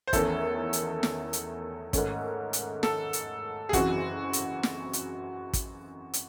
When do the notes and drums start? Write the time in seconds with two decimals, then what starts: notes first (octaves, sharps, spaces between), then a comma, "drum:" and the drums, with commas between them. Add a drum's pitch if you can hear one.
0.07 C5
0.13 E2 D#3 A3 C#4 E4 A4, drum: kick, hi-hat
0.73 drum: hi-hat
1.03 drum: snare
1.33 drum: hi-hat
1.93 G#2 D#3 A3 C#4, drum: kick, hi-hat
2.53 drum: hi-hat
2.83 A4, drum: snare
3.13 drum: hi-hat
3.69 G#4
3.73 F#1 F#2 E3 C4 F#4, drum: kick, hi-hat
4.33 drum: hi-hat
4.63 drum: snare
4.93 drum: hi-hat
5.53 drum: kick, hi-hat
6.13 drum: hi-hat